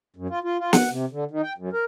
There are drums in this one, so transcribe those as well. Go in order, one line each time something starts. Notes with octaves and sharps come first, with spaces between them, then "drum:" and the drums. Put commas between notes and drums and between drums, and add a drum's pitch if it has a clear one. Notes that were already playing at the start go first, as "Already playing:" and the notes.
F#2
F4
F4
F4
F#5, drum: snare
C3
D3
D#3
G5
F#2
A#4